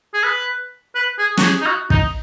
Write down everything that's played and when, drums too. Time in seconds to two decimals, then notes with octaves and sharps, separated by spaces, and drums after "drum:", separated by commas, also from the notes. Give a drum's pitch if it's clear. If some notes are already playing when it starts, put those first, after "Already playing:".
0.14 G#4
0.24 B4
0.95 B4
1.18 G#4
1.37 F#4, drum: snare
1.42 G#4
1.61 D#4
1.66 F#4
1.90 D#4, drum: kick